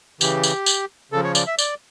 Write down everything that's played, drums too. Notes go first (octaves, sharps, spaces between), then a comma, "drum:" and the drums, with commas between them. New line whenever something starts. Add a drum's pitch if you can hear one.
C#3 E3 G4, drum: tambourine
drum: tambourine
drum: tambourine
C#3 F3 A4
C#5
D5, drum: tambourine
E5
D5, drum: tambourine